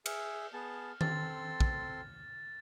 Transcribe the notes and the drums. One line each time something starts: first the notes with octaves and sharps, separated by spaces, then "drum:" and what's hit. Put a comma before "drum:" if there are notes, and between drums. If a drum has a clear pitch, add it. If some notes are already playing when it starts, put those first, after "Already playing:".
G#4 E5 F6, drum: cymbal
B3 G#4 A5
C4 A4 C6 A6, drum: tom D#3
drum: kick